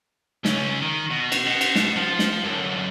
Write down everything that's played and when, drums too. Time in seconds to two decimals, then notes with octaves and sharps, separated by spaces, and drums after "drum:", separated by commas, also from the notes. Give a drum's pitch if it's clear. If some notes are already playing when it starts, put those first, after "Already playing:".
0.45 C#2 C#4, drum: snare
0.82 D#3
1.10 B2
1.32 drum: cymbal
1.47 D#5 F#5
1.61 drum: cymbal
1.75 drum: snare
1.97 F3 F4
2.19 drum: snare
2.44 F#2 D3